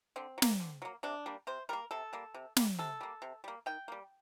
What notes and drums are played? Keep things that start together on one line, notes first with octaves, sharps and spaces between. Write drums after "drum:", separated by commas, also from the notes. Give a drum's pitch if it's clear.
D3 C4
F#3
A#3, drum: snare
D3
F#3 A#3
C3 D4
G3 A#3
C3 C5
G3 A#3 A#4
C3 A4
G3 A#3
C3
G3 A#3, drum: snare
C3 A4
G3 A#3
C3
G3 A#3
D#3 G5
G3 A#3